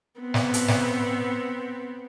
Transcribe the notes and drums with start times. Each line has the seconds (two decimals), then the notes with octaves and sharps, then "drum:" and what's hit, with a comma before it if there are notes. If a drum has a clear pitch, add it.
0.21 B3 C4
0.34 drum: snare
0.54 drum: hi-hat
0.68 drum: snare